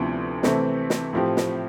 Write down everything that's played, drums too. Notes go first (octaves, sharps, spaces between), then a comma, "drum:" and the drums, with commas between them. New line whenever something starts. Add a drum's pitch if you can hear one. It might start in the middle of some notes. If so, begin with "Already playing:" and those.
Already playing: D2 C3 F3 B3 E4
C3 E3 A3 C4, drum: snare
drum: snare
A2 F3 C4 G4
drum: snare